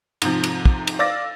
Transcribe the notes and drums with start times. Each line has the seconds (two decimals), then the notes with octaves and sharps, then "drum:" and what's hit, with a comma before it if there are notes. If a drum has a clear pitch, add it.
0.22 G#2 C3 F3, drum: cymbal
0.44 drum: cymbal
0.65 drum: kick
0.87 drum: cymbal
0.99 D5 F5 D6 E6 A6 A#6